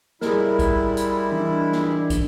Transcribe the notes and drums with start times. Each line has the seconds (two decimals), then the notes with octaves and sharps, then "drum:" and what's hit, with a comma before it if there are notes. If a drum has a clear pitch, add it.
0.21 G3 G#3 E4 G#4 A#4, drum: snare
0.59 drum: kick, hi-hat
0.97 drum: hi-hat
1.32 E3 D4
1.72 drum: snare
2.10 drum: kick, hi-hat